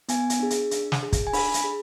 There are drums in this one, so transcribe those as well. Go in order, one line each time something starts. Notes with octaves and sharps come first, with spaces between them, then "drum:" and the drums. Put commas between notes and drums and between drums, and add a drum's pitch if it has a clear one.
B3 G#5, drum: hi-hat
drum: hi-hat
D4 G#4
drum: hi-hat
D4, drum: hi-hat
drum: snare
G#4
drum: kick, hi-hat
G#5
D4 B5, drum: open hi-hat
drum: hi-hat
G#4